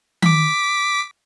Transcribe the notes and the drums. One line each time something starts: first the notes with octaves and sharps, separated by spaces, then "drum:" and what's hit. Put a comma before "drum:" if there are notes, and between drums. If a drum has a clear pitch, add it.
D6 B6, drum: tom D#3